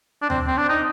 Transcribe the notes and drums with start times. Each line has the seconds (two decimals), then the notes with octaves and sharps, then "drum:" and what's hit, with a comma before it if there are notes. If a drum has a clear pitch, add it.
0.22 D4
0.30 C4, drum: tom D2
0.48 C4
0.58 D4
0.69 D#4